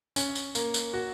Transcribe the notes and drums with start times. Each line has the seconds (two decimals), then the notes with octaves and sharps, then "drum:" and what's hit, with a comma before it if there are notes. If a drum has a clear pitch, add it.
0.16 C#4, drum: tambourine
0.35 drum: tambourine
0.55 A#3, drum: tambourine
0.74 drum: tambourine
0.94 F#4